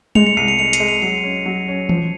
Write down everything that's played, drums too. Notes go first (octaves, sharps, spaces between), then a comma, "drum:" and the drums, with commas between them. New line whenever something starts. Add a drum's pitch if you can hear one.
G#3 C#7 F7, drum: tom G3
C#7 F7
C2 C7 D#7
C#7 F7
G#3 C#7 F7
C7 D#7, drum: hi-hat
G#3
C#7 F7
F#3 C7 D#7
C#4
F#3
C#4
F3, drum: tom E3